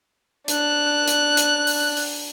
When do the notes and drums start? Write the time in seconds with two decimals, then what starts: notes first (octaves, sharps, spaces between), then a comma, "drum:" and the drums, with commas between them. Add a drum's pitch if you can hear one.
0.48 D4 F#6, drum: hi-hat
1.08 drum: hi-hat
1.37 drum: hi-hat
1.67 drum: open hi-hat
1.97 drum: open hi-hat